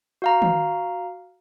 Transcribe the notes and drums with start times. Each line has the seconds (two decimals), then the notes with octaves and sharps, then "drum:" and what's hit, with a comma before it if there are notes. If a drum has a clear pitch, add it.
0.22 F#4 F5 A#5
0.42 drum: tom D#3